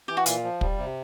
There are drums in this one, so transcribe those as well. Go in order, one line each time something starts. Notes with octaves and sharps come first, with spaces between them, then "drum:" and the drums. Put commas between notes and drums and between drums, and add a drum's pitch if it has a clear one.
E3 G4
F#4
A#2 F4, drum: hi-hat
F3
G3, drum: kick
C3